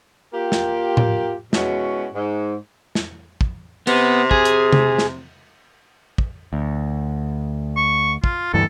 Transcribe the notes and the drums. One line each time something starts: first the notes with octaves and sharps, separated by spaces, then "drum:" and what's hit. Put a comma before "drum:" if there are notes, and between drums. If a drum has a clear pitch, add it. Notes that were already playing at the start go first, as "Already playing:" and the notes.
A#3 F4 G4
drum: snare
drum: tom A2
B2 G#3 C#4 E4 F#4, drum: snare
G#2
drum: snare
drum: kick
C3 B3, drum: cymbal
G#4, drum: kick
drum: hi-hat
drum: tom C3
drum: snare
drum: kick
D2
C#6
F4, drum: kick
D2 G2 E3 A4